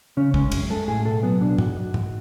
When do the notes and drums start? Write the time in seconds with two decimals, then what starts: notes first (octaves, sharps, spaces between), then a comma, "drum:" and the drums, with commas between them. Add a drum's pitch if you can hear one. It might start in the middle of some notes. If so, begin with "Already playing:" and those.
0.17 C#3 C#4
0.34 G#3 C#4, drum: kick
0.52 F#2, drum: cymbal
0.70 G#3 A4
0.88 A2 G#4
1.05 B1 A4
1.23 F#3 B3
1.41 B1 D4
1.58 G#2 F#4, drum: tom G2
1.77 G#2
1.94 G#2, drum: tom G2